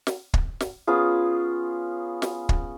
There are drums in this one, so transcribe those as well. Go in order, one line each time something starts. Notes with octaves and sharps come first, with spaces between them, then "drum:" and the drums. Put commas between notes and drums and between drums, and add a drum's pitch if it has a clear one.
drum: snare
drum: kick
drum: snare
B3 C#4 F4 G#4
drum: snare
drum: kick